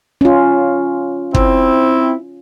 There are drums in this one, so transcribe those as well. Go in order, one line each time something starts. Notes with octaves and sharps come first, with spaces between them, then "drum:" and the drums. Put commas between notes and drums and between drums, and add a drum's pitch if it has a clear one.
C#4 F4
C4 E4, drum: kick